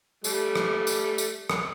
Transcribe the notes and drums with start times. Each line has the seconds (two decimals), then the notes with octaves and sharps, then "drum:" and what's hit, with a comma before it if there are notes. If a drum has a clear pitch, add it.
0.24 G3 A3, drum: tambourine
0.55 drum: rim click
0.87 drum: tambourine
1.18 drum: tambourine
1.50 drum: rim click